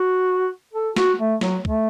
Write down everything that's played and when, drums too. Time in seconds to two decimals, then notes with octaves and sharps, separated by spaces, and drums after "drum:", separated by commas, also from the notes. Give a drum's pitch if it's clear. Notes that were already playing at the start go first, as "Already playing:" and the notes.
Already playing: F#4
0.74 A4
0.96 F#4, drum: snare
1.19 A3
1.41 F#3, drum: snare
1.65 A3, drum: kick